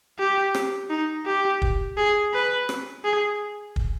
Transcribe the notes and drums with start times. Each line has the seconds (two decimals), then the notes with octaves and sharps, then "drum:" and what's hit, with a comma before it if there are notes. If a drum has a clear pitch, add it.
0.19 G4
0.55 drum: rim click
0.90 D#4
1.26 G4
1.62 drum: kick
1.97 G#4
2.34 B4
2.69 drum: rim click
3.04 G#4
3.76 drum: kick